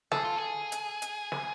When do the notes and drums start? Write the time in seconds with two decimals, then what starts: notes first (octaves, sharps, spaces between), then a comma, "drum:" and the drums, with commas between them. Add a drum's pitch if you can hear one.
0.12 G#4 A4, drum: snare
0.24 F4
0.36 G#4
0.72 drum: hi-hat
1.02 drum: hi-hat
1.32 drum: snare